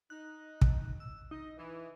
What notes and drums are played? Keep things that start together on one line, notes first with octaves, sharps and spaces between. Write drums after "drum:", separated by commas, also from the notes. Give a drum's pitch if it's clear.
D#4 F#6
drum: kick
E6
D#4 D#5
E3